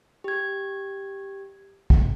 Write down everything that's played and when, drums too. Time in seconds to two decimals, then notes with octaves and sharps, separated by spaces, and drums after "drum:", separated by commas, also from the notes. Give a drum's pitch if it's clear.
0.24 G4 G#6
1.90 drum: kick